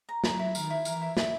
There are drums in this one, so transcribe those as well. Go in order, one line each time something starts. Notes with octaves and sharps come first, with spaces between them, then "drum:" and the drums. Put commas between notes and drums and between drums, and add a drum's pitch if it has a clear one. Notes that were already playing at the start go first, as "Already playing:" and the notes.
A#5
F#3 A#5, drum: snare
E4
D#3 A#4, drum: tambourine
E4
E3 A#4, drum: tambourine
E4
E4, drum: snare